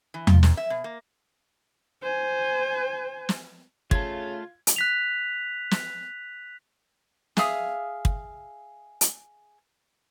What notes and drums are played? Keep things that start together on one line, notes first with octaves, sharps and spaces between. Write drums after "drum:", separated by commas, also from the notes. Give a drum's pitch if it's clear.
E3
F4, drum: tom E2
A#2, drum: snare
E5
B2
A#3
C5 G#5
drum: snare
C#3 A3 F4 A4 G#6, drum: kick
drum: hi-hat
F#6 B6 F7
drum: snare
G#4 E5 F5 D#6, drum: snare
drum: kick
drum: hi-hat